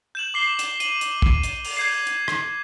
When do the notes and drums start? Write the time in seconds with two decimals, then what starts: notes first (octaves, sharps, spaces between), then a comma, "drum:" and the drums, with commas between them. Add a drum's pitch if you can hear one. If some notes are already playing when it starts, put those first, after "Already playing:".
0.15 G6 E7 F#7
0.34 D6 C7 G7
0.59 drum: hi-hat
0.80 D#7 F#7, drum: hi-hat
1.01 drum: hi-hat
1.22 drum: kick
1.43 drum: hi-hat
1.65 drum: open hi-hat
1.77 G6 G#6 C7
2.07 drum: hi-hat
2.28 drum: rim click